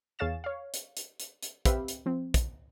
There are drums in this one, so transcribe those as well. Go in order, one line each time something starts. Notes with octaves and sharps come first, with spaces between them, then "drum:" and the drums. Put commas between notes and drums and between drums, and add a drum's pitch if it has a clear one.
E2 G#4 C#5 F5 A6 E7
C#5 F5
drum: hi-hat
drum: hi-hat
drum: hi-hat
drum: hi-hat
C4 G4 B4 E5 F5 B5, drum: kick, hi-hat
drum: hi-hat
F3 C4
drum: kick, hi-hat